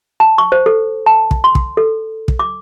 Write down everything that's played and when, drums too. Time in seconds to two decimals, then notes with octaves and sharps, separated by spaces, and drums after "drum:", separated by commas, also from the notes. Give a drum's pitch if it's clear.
0.20 A5
0.38 C#6
0.52 C5
0.66 A4
1.06 A5
1.31 drum: kick
1.44 C6
1.55 drum: kick
1.77 A4
2.28 drum: kick
2.39 D6